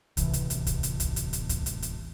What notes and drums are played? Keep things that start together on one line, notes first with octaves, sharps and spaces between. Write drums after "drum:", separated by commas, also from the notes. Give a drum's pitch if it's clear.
D1 A1 C3 E3, drum: kick, hi-hat
drum: hi-hat
drum: hi-hat
drum: kick, hi-hat
drum: hi-hat
drum: kick, hi-hat
drum: hi-hat
drum: hi-hat
drum: kick, hi-hat
drum: hi-hat
drum: hi-hat